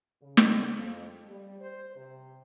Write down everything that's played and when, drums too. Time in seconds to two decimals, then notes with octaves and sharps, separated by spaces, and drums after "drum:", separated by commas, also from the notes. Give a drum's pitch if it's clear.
0.23 C#3
0.37 drum: snare
0.75 F2
1.28 G3
1.59 C5
1.96 C3